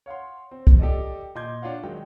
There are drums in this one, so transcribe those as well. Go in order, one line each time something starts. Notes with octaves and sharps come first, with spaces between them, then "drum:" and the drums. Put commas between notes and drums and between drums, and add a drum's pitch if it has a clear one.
C#5 F5 F#5 C6
C4
drum: kick
G4 A4 D5 D#5
A#2 D#5 C6 D6 G6 G#6
D4 F4 C#5 F5 F#5
D#3 F#3 G#3 G5